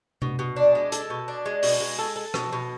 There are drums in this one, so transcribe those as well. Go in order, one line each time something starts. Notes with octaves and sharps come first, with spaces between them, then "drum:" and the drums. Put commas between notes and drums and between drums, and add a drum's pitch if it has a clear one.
B2, drum: tom C3
B2
D4
G#3
A4, drum: hi-hat
B2
D4
G#3
B2, drum: open hi-hat
G#3
A4
A4
B2, drum: rim click
B2